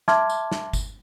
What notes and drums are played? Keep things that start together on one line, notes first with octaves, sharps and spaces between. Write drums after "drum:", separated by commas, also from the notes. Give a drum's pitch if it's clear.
E5 A5 C6 D6 F6 G#6, drum: snare
drum: tambourine
drum: snare
drum: kick G1, tambourine